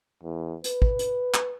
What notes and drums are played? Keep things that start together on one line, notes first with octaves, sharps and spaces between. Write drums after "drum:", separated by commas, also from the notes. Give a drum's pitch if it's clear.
E2
B4, drum: hi-hat
drum: kick
drum: hi-hat
drum: clap